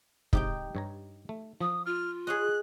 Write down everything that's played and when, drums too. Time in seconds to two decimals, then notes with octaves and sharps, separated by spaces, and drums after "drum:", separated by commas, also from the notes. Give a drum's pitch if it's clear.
0.33 G#2 C3 D#4 G4 G5, drum: kick
0.75 G2 C#5 A#5
1.29 A3
1.61 F3 D#6
1.86 F4 F6
2.27 G#4 C#5 D#5 F#6